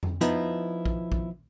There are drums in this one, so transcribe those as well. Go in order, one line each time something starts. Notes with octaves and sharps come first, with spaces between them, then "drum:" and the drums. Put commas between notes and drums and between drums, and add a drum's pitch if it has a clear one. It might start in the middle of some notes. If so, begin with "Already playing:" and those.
drum: tom F2
F3 B3 D#4 E4, drum: hi-hat
drum: kick A#1
drum: kick A#1